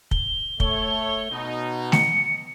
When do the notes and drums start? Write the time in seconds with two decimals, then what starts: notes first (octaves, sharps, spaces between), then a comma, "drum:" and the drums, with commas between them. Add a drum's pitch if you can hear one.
0.11 G7, drum: kick
0.60 A3 C#5, drum: kick
1.31 B2 D#4
1.92 C#7, drum: snare